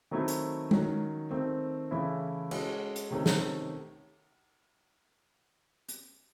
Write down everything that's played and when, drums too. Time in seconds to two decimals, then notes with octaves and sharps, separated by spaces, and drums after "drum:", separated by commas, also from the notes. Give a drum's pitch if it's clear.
0.11 D#3 F#3 A3 C4 E4
0.28 drum: hi-hat
0.71 D#3 F#3 C#4, drum: tom G#3
1.31 D#3 A3 C4
1.91 C#3 E3 A3 C#4 E4
2.51 G#3 C#4 F#4 A4, drum: cymbal
2.96 drum: hi-hat
3.11 C3 D#3 A3 C#4
3.26 drum: snare
5.89 drum: hi-hat